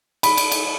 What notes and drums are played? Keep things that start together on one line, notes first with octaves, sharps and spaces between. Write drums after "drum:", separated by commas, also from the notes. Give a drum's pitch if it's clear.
B5, drum: cymbal
drum: cymbal
drum: cymbal